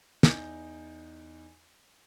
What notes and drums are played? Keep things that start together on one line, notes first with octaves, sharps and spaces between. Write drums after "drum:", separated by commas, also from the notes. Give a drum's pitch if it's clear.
E2 D#4 G6, drum: snare